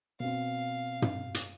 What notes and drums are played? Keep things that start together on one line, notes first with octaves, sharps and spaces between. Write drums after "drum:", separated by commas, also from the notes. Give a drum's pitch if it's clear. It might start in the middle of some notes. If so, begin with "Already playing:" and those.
B2 C4 F5
drum: tom
drum: hi-hat